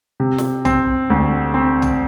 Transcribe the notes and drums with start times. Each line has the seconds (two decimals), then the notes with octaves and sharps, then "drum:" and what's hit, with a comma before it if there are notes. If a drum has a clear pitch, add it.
0.20 C3
0.38 drum: snare
0.65 C4, drum: tom
1.10 D2
1.54 C4
1.82 drum: tom